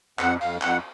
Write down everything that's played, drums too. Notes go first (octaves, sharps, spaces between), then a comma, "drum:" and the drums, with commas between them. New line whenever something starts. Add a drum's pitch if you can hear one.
F2 F#5, drum: clap
F2 F5, drum: cymbal
F2 F#5, drum: clap